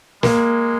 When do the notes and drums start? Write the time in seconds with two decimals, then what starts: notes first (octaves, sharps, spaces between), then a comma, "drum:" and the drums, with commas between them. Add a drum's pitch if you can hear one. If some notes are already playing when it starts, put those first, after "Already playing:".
0.23 G#3 A#3, drum: snare